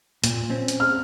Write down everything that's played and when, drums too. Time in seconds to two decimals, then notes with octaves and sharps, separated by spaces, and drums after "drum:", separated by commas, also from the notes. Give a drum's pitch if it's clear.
0.24 A#2, drum: hi-hat
0.50 C4 C#4
0.68 drum: hi-hat
0.80 F6